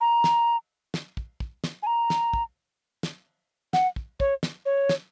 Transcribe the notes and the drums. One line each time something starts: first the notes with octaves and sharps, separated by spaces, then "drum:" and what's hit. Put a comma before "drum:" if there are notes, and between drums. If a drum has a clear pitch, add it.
A#5
drum: snare
drum: snare
drum: kick
drum: kick
drum: snare
G#5
A#5
drum: snare
drum: kick
drum: snare
F#5, drum: snare
drum: kick
C#5, drum: kick
drum: snare
C#5
drum: snare